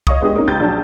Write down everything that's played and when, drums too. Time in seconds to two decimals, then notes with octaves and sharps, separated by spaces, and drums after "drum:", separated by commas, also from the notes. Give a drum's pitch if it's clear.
0.07 C#5 D#5 F5 C#6 D#6, drum: kick
0.21 G#3 B3 D4 G4 G#4 D#5
0.35 A#3 C4 C#4 D#4
0.47 C#2 G4 G6 A6
0.60 A#1 F#3 D4 A5